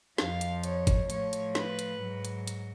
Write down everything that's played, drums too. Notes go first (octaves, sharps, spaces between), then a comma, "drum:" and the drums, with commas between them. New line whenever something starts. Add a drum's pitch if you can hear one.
F2 F3 F5, drum: snare
drum: hi-hat
C#5, drum: hi-hat
drum: kick, hi-hat
A2 F3 C#5, drum: hi-hat
drum: hi-hat
B4, drum: snare
drum: hi-hat
G#2 F#3
drum: hi-hat
drum: hi-hat